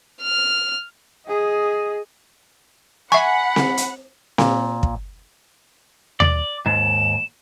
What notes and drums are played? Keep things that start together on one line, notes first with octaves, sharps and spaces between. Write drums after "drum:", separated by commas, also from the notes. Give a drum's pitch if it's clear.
F6
G#4 D#5
E5 F#5 G#5 B5 C#6
drum: snare C4
drum: hi-hat
A#2, drum: snare C4
drum: kick
D5, drum: tom D#2
D#2 G#2 E7